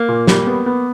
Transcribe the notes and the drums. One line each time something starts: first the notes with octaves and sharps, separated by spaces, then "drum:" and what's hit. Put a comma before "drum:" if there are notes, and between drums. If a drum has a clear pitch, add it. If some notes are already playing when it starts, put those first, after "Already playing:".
Already playing: A#3
A#2
G3, drum: snare
B3
B3